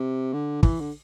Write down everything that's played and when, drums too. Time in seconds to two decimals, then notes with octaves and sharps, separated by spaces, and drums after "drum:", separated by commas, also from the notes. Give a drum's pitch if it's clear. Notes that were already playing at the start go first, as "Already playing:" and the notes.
Already playing: C3
0.33 D3
0.63 E3, drum: kick
0.80 D3